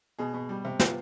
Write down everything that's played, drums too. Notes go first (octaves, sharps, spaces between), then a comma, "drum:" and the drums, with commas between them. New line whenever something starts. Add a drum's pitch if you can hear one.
B2 G#4
B2
G3
C3
B3 F4, drum: snare